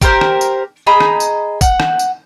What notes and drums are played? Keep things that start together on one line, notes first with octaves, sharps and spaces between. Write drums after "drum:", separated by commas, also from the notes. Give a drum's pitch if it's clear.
G4 A#4 C5, drum: kick, tambourine
drum: rim click
drum: tambourine
G#4 D#5 A#5 B5
drum: rim click
drum: tambourine
F#5, drum: kick, tambourine
drum: rim click
drum: tambourine